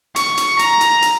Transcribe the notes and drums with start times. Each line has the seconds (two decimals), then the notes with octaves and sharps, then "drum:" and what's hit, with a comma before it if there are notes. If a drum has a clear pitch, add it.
0.16 C#6, drum: hi-hat
0.37 drum: hi-hat
0.59 A#5, drum: hi-hat
0.81 drum: hi-hat
1.02 drum: hi-hat